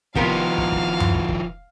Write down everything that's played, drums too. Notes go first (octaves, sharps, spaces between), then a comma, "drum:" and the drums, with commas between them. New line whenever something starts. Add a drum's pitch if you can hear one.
C3 D#3 F3 B3 A#4 F5, drum: kick
drum: kick
drum: kick
drum: tom F#2
drum: kick
drum: kick